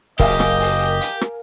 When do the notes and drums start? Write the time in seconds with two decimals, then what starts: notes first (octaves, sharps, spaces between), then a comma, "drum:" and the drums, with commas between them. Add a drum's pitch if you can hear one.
0.19 F#1 G4 A#4 D#5 F5 G#5, drum: kick, open hi-hat
0.40 drum: rim click
0.60 drum: open hi-hat
1.01 drum: hi-hat
1.21 drum: rim click